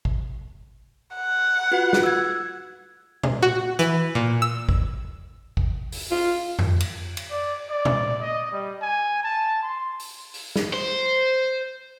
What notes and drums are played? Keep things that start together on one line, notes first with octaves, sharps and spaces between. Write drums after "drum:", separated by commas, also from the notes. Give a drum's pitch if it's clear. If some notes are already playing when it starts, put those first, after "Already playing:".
drum: kick G#1
F#5
F4 F#4 B4
drum: snare
E6 G#6
drum: tom A#2
F#4
E3, drum: hi-hat
A#2
E6
drum: kick G#1
drum: kick G#1
drum: open hi-hat
F4
drum: tom F2
drum: cymbal
drum: cymbal
D5
D5
drum: tom A#2
D#5
G3
G#5
A5
C6
drum: open hi-hat
drum: open hi-hat
drum: snare
C5